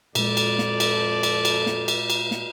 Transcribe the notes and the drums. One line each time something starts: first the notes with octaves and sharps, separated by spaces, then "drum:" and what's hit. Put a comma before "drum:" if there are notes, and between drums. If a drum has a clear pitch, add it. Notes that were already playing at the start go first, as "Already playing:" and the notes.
F2 A#2 G#3 A4 D5, drum: cymbal
drum: cymbal
drum: snare
drum: cymbal
drum: cymbal
drum: cymbal
drum: snare
drum: cymbal
drum: cymbal
drum: snare